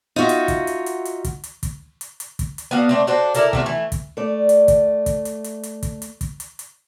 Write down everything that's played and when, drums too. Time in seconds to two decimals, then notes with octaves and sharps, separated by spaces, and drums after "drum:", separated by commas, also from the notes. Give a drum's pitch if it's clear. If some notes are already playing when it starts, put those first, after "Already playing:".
0.16 D#4 F4 F#4 E5
0.29 drum: hi-hat
0.48 drum: kick, hi-hat
0.67 drum: hi-hat
0.86 drum: hi-hat
1.05 drum: hi-hat
1.24 drum: kick, hi-hat
1.44 drum: hi-hat
1.63 drum: kick, hi-hat
2.01 drum: hi-hat
2.20 drum: hi-hat
2.39 drum: kick, hi-hat
2.58 drum: hi-hat
2.71 B3 D4 F#4 F5
2.89 A3 C4 D4
3.07 D4 F#4 A4 C5
3.34 E4 A4 A#4 D5, drum: hi-hat
3.53 C3 A3 F#4, drum: kick
3.66 E3 A3
3.92 drum: kick, hi-hat
4.17 A3 D5
4.49 drum: hi-hat
4.68 drum: kick, hi-hat
5.06 drum: kick, hi-hat
5.25 drum: hi-hat
5.44 drum: hi-hat
5.63 drum: hi-hat
5.83 drum: kick, hi-hat
6.02 drum: hi-hat
6.21 drum: kick, hi-hat
6.40 drum: hi-hat
6.59 drum: hi-hat